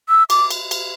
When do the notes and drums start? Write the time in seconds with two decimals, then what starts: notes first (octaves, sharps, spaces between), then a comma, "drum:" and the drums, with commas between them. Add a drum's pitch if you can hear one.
0.09 E6
0.30 D6, drum: cymbal
0.51 drum: cymbal
0.71 drum: cymbal